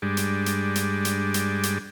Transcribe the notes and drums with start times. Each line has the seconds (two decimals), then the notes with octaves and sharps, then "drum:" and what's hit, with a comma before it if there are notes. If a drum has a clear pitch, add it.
0.02 G2 G3 G#3 D4
0.17 drum: hi-hat
0.46 drum: hi-hat
0.75 drum: hi-hat
1.05 drum: hi-hat
1.34 drum: hi-hat
1.63 drum: hi-hat